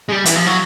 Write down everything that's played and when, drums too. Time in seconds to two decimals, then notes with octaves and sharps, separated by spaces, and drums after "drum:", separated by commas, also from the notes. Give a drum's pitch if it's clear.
0.09 G#3
0.12 G3
0.25 E3, drum: hi-hat
0.36 F3
0.46 F#3